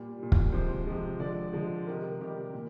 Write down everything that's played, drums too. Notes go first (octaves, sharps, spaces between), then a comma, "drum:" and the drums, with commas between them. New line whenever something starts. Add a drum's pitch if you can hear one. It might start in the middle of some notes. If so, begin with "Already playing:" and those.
Already playing: A#2 G3 G4
A#2 G3
drum: kick
C3 F3 G#3 C5
C3 F3 G#3
D3 F3 G#3 D5
D3 F3 G#3
C3 D#3 G3 A#4
C3 D#3 G3 G4
A#2